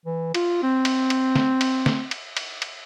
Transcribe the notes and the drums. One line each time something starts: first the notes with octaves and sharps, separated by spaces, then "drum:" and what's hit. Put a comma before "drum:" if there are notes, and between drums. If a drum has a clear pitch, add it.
E3
F4, drum: cymbal
C4
drum: cymbal
drum: cymbal
drum: snare
drum: cymbal
drum: snare
drum: cymbal
drum: cymbal
drum: cymbal